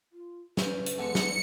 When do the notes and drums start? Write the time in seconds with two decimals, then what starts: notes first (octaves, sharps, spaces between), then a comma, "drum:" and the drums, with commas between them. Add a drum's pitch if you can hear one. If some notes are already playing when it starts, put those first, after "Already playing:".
0.13 F4
0.57 C#4 B4 C5, drum: snare
0.86 drum: hi-hat
0.98 E2 D3 G#3 C#7
1.15 drum: snare